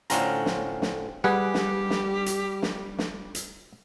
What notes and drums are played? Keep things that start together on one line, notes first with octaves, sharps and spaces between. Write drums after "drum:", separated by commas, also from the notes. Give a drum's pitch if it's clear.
A2 D3 C4 C#4 F4 A#5, drum: hi-hat
drum: snare
drum: snare
G3 G4 G#4 B4 F#5
drum: snare
drum: snare
drum: hi-hat
drum: snare
drum: snare
drum: hi-hat